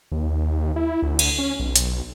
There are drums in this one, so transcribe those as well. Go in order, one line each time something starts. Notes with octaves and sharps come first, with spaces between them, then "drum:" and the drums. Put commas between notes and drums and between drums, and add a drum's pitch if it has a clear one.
D#2
E4
D2
drum: cymbal
C#4
B1
drum: hi-hat